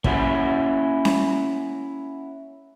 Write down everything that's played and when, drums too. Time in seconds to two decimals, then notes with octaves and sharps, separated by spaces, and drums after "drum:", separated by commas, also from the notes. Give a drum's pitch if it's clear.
0.04 A#3 C#4 E4 F#4, drum: kick
1.05 drum: snare C#4